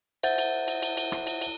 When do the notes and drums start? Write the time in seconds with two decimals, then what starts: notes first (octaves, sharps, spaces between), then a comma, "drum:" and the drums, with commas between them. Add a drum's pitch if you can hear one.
0.23 C5 E5 F#5 G6 A6, drum: cymbal
0.38 drum: cymbal
0.68 drum: cymbal
0.82 drum: cymbal
0.97 drum: cymbal
1.12 drum: rim click
1.27 drum: cymbal
1.41 drum: cymbal